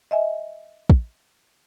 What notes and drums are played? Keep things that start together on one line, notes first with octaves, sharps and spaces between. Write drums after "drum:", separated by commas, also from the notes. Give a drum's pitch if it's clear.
D#5 E5 G#5
drum: kick